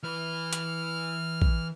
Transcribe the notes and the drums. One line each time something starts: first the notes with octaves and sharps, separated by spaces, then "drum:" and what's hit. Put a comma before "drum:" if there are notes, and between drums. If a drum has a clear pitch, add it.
E3 B4 F6
drum: hi-hat
drum: kick